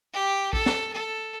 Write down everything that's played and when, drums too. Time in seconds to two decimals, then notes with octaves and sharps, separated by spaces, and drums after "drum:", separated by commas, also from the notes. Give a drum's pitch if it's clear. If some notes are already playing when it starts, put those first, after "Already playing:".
0.13 G4
0.53 A4, drum: kick A#1
0.66 drum: snare
0.93 A4